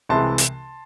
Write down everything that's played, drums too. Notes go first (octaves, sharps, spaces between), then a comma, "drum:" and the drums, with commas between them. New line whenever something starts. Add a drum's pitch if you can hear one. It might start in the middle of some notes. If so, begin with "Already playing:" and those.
C2 C3 E3 G#3 A5 C6
drum: hi-hat